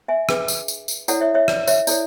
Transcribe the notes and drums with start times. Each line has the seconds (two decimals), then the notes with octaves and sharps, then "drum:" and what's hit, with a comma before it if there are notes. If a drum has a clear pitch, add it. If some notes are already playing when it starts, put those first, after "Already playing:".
0.08 E5 G#5
0.29 D4 G#4 B4, drum: rim click
0.48 drum: tambourine
0.68 drum: tambourine
0.88 drum: tambourine
1.08 E4 A4 C#5 D5 F#5, drum: tambourine
1.21 C#5 E5
1.34 C#5 E5
1.48 D5, drum: rim click
1.67 C#5 E5, drum: tambourine
1.87 E4 A4 C#5 D5, drum: tambourine